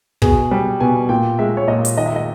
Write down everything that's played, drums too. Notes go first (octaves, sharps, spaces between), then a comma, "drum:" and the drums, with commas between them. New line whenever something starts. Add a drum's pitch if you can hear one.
B2 G#4, drum: kick
G3
B2 G#5
A#2 G5
G#3 E5
C#5
A#2 D#5
drum: hi-hat
D#3 D#5
E5
D#5